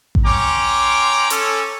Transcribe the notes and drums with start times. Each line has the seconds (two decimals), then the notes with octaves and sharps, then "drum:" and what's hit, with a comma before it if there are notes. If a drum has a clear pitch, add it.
0.15 drum: kick A1
0.25 C#4 G5 A#5 C6 D6
1.30 C#4 A4, drum: hi-hat